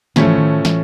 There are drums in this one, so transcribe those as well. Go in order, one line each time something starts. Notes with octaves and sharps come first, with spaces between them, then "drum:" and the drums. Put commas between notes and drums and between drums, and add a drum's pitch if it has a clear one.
A2 D#3 F3 A3 C#4, drum: snare
E3
D#3
E3, drum: snare